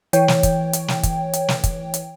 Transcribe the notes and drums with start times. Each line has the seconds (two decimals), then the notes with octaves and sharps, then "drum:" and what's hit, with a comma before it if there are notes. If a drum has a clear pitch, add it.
0.13 E3 C#5 G5, drum: hi-hat
0.28 drum: snare
0.43 drum: kick, hi-hat
0.73 drum: hi-hat
0.88 drum: snare
1.03 drum: kick, hi-hat
1.33 drum: hi-hat
1.48 drum: snare
1.64 drum: kick, hi-hat
1.94 drum: hi-hat